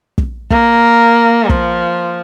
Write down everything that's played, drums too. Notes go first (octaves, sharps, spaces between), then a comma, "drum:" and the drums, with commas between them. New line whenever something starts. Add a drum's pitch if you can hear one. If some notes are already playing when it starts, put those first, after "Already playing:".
drum: kick
A#3, drum: kick
F3, drum: kick